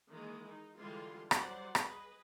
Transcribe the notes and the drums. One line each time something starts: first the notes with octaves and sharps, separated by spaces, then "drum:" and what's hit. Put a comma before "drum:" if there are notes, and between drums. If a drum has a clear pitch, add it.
D#3 E3 G#3 A#3
D#4
D3 E3 G3 G#3 F4 C6
F#3 G3 C5 D5 F#5 C6, drum: rim click
G#4 B4 D#5, drum: rim click